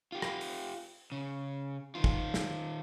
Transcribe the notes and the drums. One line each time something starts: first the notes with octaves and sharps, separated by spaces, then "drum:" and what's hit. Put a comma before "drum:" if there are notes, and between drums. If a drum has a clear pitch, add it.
F4 G4
drum: rim click
drum: open hi-hat
C#3
D#3 F4
drum: kick
drum: snare